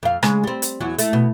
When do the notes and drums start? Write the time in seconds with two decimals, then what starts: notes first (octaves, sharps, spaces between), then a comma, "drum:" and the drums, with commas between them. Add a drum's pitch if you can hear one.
0.03 F2 F5
0.23 C#3 G#3, drum: rim click
0.44 G3 C4
0.62 drum: hi-hat
0.80 E2 F#3 F#4
0.98 A3, drum: hi-hat
1.13 B2